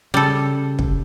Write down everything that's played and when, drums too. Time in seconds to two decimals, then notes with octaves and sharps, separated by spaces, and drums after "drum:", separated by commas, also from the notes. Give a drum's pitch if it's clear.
0.14 C#3 G3 A4
0.79 drum: kick